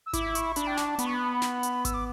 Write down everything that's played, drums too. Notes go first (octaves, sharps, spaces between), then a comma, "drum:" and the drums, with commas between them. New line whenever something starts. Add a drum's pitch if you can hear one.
E6
E4 D6, drum: kick G#1, hi-hat
C#6, drum: hi-hat
D4 B5, drum: hi-hat
G5
A5, drum: snare
B3 B5, drum: hi-hat
C#6
B5
drum: snare
drum: hi-hat
E6, drum: kick G#1, hi-hat
D6